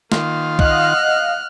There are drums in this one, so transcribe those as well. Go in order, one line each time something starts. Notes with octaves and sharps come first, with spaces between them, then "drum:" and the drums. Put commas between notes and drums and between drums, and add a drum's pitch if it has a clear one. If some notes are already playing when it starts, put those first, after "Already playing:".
D#3 A#3 F4 C6, drum: snare
D#5 F5 F#5 F6 F#6, drum: kick C2